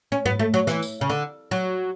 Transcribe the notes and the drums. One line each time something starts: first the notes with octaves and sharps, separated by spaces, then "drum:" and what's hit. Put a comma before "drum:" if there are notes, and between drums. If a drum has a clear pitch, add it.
C#4
B3, drum: tom G#2
A3
F#3
E3, drum: snare
drum: tambourine
C#3
D3
F#3